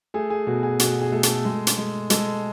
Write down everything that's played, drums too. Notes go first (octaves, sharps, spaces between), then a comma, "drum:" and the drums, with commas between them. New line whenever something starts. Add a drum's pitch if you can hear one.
A3 G#4
G#4
B2 F#4
G#4
B2 F#4, drum: hi-hat
G#4
A3
A4, drum: hi-hat
G#3
drum: hi-hat
G#3
G#3 A4, drum: hi-hat